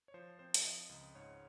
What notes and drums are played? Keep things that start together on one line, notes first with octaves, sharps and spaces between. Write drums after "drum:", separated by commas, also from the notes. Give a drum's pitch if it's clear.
C#5
F3 C5
C4 C5
drum: hi-hat
F3 D#5
C#2
G#2 C#5